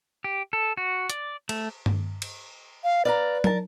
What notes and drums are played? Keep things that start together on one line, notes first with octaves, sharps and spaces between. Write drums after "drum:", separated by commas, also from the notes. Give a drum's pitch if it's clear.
G4
A4
F#4
D5, drum: hi-hat
A3, drum: cymbal
drum: tom G2
drum: cymbal
F5
B4 D5 F5 A#5
A#4 A5, drum: tom